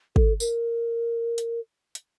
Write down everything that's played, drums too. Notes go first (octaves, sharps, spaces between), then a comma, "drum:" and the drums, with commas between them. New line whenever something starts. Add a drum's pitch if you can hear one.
A4, drum: kick
A#4, drum: tambourine
drum: hi-hat
drum: hi-hat